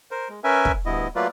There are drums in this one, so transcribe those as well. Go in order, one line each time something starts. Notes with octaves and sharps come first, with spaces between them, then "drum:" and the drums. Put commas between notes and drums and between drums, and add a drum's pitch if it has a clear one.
A#4 C5
G#3
C#4 A#4 B4 E5 G#5
drum: kick
D2 G2 B3 E4 D#5
F#3 A3 A#3 F4 B4 D5